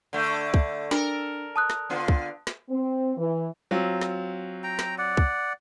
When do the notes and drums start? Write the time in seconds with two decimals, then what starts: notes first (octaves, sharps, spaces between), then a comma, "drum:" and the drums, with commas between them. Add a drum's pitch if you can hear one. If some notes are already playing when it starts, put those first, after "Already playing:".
0.13 D3 A3
0.54 drum: kick
0.91 D4 A4 A#4, drum: snare
1.56 A5 D#6 F#6
1.70 drum: snare
1.90 D3 B3 F4
2.08 drum: kick
2.47 drum: snare
2.70 C4
3.17 E3
3.71 F#3 C4 F4
4.01 drum: snare
4.63 G5 A#5
4.79 drum: snare
4.98 D5 F#5
5.17 drum: kick